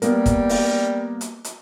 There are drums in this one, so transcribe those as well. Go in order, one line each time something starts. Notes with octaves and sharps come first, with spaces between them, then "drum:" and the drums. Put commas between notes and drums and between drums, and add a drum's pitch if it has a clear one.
G3 A#3 B3 A#4, drum: hi-hat
drum: kick, hi-hat
drum: open hi-hat
drum: hi-hat
drum: hi-hat